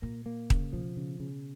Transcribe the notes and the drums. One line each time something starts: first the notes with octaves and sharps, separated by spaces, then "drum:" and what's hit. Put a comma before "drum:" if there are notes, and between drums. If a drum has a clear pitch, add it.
A#2 A#3
A#3
C#3, drum: kick D#1
B2 F3
C#3
C#3